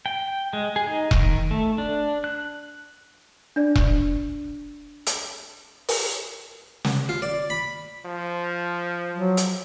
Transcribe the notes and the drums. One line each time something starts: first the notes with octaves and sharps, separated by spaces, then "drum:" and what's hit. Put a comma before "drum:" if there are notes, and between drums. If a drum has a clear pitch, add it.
G5
G#3
G#4
D#4
D#3, drum: kick E1
A3
D4
F#6
D4 D5
drum: kick E1
drum: hi-hat
drum: open hi-hat
drum: snare
F4
D5
B5
F3
F#3
drum: hi-hat